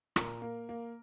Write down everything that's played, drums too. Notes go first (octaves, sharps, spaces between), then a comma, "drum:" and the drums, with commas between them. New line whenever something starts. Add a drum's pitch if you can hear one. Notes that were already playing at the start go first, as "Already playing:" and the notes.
A#2 A#4, drum: rim click
A#3
A#3